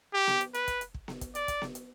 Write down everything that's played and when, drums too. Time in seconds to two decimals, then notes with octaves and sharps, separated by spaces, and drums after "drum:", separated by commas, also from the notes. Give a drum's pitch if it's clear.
0.14 G4
0.27 drum: snare B3
0.41 drum: hi-hat
0.54 B4, drum: hi-hat
0.68 drum: kick, hi-hat
0.81 drum: hi-hat
0.94 drum: kick
1.08 drum: snare B3
1.21 drum: kick, hi-hat
1.35 D5, drum: hi-hat
1.48 drum: kick, hi-hat
1.62 drum: snare B3
1.75 drum: hi-hat